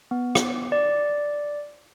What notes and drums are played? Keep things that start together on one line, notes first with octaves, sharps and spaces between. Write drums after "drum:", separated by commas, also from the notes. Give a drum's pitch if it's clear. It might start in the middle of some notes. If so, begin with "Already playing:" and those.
B3
drum: rim click
D5